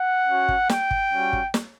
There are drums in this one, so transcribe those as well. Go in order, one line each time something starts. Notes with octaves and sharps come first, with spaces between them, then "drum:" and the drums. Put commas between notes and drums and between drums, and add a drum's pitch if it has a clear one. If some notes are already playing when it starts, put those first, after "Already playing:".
Already playing: F#5
C#4 F#4
drum: kick
G5, drum: snare
drum: kick
G3 C#4 F#4
drum: kick
drum: snare